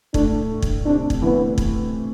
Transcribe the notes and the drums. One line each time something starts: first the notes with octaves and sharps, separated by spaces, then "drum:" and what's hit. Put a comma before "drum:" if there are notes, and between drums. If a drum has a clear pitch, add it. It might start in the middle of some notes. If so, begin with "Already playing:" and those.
A2 A3 D4, drum: kick
drum: kick
C3 C4 D4
drum: kick
E3 B3 E4
drum: kick